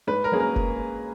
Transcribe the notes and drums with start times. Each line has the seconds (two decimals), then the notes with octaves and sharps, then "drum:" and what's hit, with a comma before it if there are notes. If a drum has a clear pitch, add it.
0.07 G#2 B4
0.24 A#4
0.32 F#3 A#3 C#4 G#4
0.39 A#4
0.56 drum: kick F1